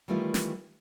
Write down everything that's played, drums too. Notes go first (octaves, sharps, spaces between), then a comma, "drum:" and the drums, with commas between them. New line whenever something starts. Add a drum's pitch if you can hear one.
D#3 E3 G3 A3 B3 F4
drum: snare